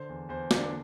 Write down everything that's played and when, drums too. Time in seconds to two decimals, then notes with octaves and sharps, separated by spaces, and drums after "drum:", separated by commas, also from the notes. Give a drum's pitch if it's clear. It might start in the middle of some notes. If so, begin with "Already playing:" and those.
Already playing: D3 C5
0.09 E2
0.29 E2 C5
0.51 D3, drum: snare
0.59 D4